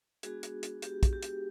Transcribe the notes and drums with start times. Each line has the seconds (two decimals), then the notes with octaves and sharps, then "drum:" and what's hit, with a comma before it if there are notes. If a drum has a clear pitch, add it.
0.23 G#3 B3 D4 F#4 G#4, drum: hi-hat
0.43 drum: hi-hat
0.63 drum: hi-hat
0.82 G4, drum: hi-hat
1.03 drum: kick, hi-hat
1.13 G4
1.23 drum: hi-hat